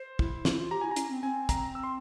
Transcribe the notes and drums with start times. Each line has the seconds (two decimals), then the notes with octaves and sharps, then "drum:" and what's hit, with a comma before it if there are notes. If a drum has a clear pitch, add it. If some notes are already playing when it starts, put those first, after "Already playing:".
Already playing: C5
0.19 E4, drum: kick
0.45 F4, drum: snare
0.53 E4
0.60 F4
0.71 G4 A#5
0.81 E4 G#5
0.91 A#5
0.96 C#4, drum: hi-hat
1.10 C4
1.23 C4 G#5
1.49 A#5, drum: kick, hi-hat
1.75 E6
1.84 C6